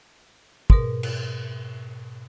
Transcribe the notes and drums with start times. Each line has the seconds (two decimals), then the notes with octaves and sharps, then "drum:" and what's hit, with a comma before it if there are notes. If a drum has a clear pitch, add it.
0.70 G#2 B2 A#4, drum: kick
1.03 drum: cymbal